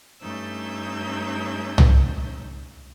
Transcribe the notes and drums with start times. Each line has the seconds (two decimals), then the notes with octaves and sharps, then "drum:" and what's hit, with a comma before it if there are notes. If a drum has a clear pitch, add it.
0.22 G2 A3 C#4 D#4 E6 G6
1.78 drum: tom C2